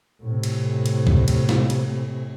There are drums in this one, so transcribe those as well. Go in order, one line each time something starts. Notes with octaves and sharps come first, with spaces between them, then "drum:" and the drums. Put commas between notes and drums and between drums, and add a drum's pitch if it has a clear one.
A2 C3
drum: cymbal
drum: cymbal
drum: kick
drum: cymbal
drum: snare
drum: cymbal